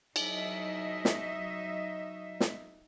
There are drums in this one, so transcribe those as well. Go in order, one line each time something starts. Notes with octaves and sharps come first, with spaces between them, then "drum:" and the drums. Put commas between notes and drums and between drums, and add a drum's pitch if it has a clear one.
F#3 D#4 D#5 E5, drum: cymbal
drum: snare
drum: snare